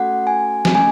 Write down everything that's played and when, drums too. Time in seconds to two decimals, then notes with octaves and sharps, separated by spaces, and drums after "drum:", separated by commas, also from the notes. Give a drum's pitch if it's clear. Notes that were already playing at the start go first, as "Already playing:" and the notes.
Already playing: A3 C#4 F#4 A4 F#5
0.27 G#5
0.65 drum: snare
0.75 A3 C#4 G#5